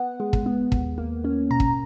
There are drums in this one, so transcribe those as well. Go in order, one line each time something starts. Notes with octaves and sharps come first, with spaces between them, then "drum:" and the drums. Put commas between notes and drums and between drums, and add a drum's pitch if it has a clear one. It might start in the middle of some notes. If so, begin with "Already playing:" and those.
Already playing: B3 F#5
G#3
drum: kick
B3
D#2, drum: kick
A#3
C#4
B2 A#5
drum: kick